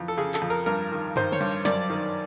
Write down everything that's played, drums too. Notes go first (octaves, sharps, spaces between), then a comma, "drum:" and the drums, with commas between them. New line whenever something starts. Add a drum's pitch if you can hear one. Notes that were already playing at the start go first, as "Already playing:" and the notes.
Already playing: F2 E3
A4
C#3 G#4
A4, drum: clap
F2
A#4
G2 A#4
D#3
D#3 C5, drum: tom
C#5, drum: tom C#3
G2
F#2 D5, drum: snare
D#3